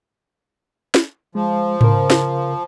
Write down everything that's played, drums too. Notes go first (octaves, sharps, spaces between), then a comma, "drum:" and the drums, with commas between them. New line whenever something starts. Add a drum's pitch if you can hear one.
drum: snare
F3 G#3
C#3 A#4, drum: tom G#2
drum: snare